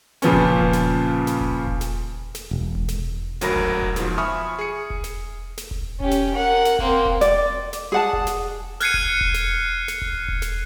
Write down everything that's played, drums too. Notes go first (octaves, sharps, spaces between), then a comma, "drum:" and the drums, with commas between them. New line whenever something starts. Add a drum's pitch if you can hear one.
A#2 C#3 F3 B3 C#4, drum: snare
drum: kick E1
drum: kick E1
drum: snare
drum: snare
drum: kick E1
drum: kick E1
drum: snare
drum: snare
E1
drum: kick E1
drum: snare
G#1 D2 F#3 A#4 B5 A#6, drum: snare
drum: kick E1
drum: kick E1
G#2 B2 F3, drum: snare
E5 G#5 B5 C#6 D#6 F6
G#4 C#7
drum: kick E1
drum: snare
drum: snare
drum: kick E1
C#4 G4, drum: kick E1
drum: snare
A#4 F#5
drum: snare
A#3 C4, drum: kick E1
drum: kick E1
D5, drum: snare
drum: snare
G#4 F#5 A5
drum: kick E1
drum: snare
F6 F#6 G#6 C7 C#7 D#7, drum: snare
drum: kick E1
drum: kick E1
drum: snare
drum: snare
drum: kick E1
drum: kick E1
drum: snare